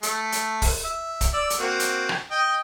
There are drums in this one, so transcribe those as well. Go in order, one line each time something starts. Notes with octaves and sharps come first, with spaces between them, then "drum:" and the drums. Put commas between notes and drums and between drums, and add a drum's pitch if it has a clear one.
A3, drum: hi-hat
drum: hi-hat
drum: kick, open hi-hat
E5
drum: kick, hi-hat
D5 E6
drum: hi-hat
A#3 C4 F#4
drum: hi-hat
drum: rim click
D#5 G5